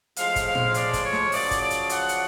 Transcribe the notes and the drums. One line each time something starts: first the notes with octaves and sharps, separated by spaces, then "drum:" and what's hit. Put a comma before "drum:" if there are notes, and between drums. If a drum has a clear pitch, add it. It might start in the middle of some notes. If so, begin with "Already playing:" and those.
A2 F3 G#3 F5, drum: hi-hat
drum: kick, hi-hat
F5
drum: tom A#2
D5, drum: hi-hat
drum: kick, hi-hat
C#5
drum: snare
F#2 C#3 F3 D5, drum: open hi-hat
drum: kick, hi-hat
D5
drum: hi-hat
F#5, drum: hi-hat
drum: hi-hat